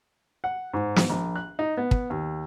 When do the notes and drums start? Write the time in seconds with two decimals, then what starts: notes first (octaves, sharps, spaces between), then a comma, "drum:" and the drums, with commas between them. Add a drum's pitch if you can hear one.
0.44 F#5
0.74 G#2
0.96 drum: snare
1.10 A#1
1.36 F#6
1.59 D#4
1.77 B3
1.91 drum: kick
2.10 D#2